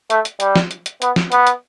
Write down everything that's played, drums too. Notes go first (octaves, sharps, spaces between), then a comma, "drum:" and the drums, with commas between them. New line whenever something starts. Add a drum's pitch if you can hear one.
A3, drum: hi-hat
drum: hi-hat
G3, drum: hi-hat
drum: snare
drum: hi-hat
drum: hi-hat
B3, drum: hi-hat
drum: snare
B3, drum: hi-hat
drum: hi-hat